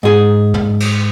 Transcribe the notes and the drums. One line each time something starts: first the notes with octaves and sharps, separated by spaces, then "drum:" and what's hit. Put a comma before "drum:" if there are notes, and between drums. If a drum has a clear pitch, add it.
G#2 G#4
drum: tom
drum: cymbal